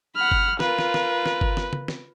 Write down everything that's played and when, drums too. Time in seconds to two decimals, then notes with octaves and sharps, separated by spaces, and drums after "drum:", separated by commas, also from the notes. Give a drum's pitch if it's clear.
0.16 F#5 B5 F6
0.31 drum: kick G1
0.60 F4 A#4 B4, drum: snare
0.79 drum: snare
0.94 drum: snare
1.26 drum: snare
1.41 drum: kick G1
1.57 drum: snare
1.73 drum: tom
1.88 drum: snare